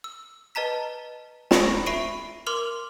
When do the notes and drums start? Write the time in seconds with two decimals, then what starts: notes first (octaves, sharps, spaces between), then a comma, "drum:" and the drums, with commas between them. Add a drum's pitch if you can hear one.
0.04 E6
0.55 B4 D#5 A5 A#5 B6
1.51 A#5 B5 C#6 A#6 D7, drum: snare
1.86 E5 B5 C#6 C7 D7 D#7
2.47 A#4 C6 D6 F6 F7